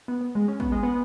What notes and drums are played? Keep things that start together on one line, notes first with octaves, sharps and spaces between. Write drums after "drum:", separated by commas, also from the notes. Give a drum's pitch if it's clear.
B3
B3
G#3
C#4
B3, drum: kick
G#3
B3